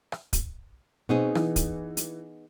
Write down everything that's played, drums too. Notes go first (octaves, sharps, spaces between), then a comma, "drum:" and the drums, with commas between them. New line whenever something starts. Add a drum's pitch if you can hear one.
drum: rim click
drum: kick, hi-hat
B2 B3 C4 D#4 G#4
E3, drum: rim click
drum: kick, hi-hat
drum: hi-hat